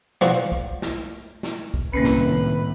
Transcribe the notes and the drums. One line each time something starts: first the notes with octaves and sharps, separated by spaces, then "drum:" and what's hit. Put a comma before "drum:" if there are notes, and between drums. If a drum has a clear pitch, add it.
F3 F#4 D5, drum: snare
drum: kick
drum: snare
drum: snare
drum: kick
C2 A2 D#3 A#3 C4 C#4 B4
drum: snare